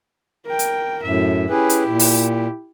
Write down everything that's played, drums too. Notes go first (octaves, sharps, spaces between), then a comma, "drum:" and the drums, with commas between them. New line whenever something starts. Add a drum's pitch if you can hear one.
A#4 G5
drum: hi-hat
F#2 A2 E5
C#4 E4 G4 G#4 B4
drum: hi-hat
A#2
drum: open hi-hat